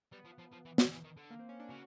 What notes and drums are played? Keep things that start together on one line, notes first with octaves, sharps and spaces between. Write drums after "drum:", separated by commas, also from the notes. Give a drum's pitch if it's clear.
G3 B3
F3
F3
F3
E3
E3, drum: snare
E3
D#3
D3
A#3
C4
C#4
D4
C#3 F#4